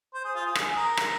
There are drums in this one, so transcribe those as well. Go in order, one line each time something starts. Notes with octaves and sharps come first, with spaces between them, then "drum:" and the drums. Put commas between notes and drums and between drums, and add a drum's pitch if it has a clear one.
C5
G#4
F4
G#4
G#4, drum: rim click
A#4
drum: rim click